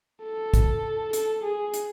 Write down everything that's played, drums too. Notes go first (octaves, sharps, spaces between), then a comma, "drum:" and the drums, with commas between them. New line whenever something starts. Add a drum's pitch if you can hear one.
A4
drum: kick, hi-hat
A4, drum: hi-hat
G#4
drum: hi-hat